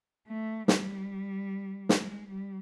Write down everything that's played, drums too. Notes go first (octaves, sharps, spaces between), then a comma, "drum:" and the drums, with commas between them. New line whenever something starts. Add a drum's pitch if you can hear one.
A3
G3, drum: snare
G#3, drum: snare
G3